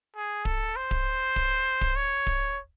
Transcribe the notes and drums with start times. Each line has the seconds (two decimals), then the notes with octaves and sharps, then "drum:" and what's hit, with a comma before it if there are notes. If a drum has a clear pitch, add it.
0.16 G#4
0.45 A4, drum: kick D1
0.76 C5
0.91 drum: kick D1
1.36 drum: kick D1
1.81 drum: kick D1
1.96 C#5
2.27 drum: kick D1